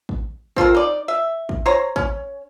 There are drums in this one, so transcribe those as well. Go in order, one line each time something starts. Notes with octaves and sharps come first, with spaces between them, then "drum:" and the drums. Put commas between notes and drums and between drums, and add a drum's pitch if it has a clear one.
drum: kick
C4 F4 A4 A#4, drum: kick
D#4 D5
E5
drum: kick
C5 C#5 A#5
C#4, drum: kick